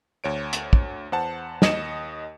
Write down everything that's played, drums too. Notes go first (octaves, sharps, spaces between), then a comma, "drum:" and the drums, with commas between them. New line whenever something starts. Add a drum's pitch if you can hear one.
D2 C#5 D7
drum: hi-hat
drum: kick
E2 C5 F#5 A5
D#2 D#5 C#7 E7, drum: snare